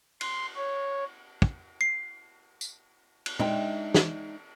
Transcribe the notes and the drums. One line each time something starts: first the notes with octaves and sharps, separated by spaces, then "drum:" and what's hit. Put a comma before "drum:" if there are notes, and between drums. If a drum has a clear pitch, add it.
C6, drum: cymbal
C#5
drum: kick
C7
drum: tambourine
drum: cymbal
G#3 D4 D#4 E5 G5 A#5, drum: tom
drum: snare